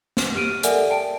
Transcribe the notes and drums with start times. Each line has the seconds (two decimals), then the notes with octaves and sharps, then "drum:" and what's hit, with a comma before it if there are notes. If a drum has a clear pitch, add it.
0.17 drum: snare
0.35 G4 F6 D7 D#7
0.63 A4 A#4 D5 E5 F#5 G#5, drum: hi-hat
0.90 G5 A5 D7